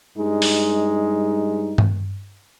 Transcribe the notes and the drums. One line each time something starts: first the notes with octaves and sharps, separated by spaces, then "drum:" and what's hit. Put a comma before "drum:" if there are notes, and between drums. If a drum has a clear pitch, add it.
G2 G3 G#3 D#4
drum: open hi-hat
drum: tom G2